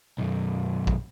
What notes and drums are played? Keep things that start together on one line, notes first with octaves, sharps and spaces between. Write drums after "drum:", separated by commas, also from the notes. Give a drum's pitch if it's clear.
B1 F#2
drum: kick